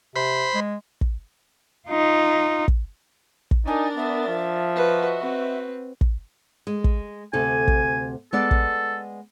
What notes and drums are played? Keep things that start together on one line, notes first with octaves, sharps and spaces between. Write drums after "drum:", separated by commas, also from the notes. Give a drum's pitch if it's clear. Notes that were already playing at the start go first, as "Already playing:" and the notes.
C3 C5 B5
G#3
drum: kick
D#4 F4
drum: kick
drum: kick
D4 D#4 A#4 G#5 A6
B3 E5
F3
F#4 B4 D#5
C4 B4
drum: kick
G#3
drum: kick
D2 C3 A4 G#5
drum: kick
G#3 B3 A4 D5
drum: kick